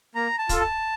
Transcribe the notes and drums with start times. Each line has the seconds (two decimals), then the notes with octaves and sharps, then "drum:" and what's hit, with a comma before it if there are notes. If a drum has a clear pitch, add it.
0.15 A#3 A#5
0.38 A5
0.49 F4 A4, drum: kick, hi-hat
0.61 A5